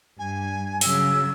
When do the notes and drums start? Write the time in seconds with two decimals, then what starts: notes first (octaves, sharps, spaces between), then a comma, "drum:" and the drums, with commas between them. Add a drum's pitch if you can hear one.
0.18 G2 G#5
0.81 C#3 F#3 E6, drum: open hi-hat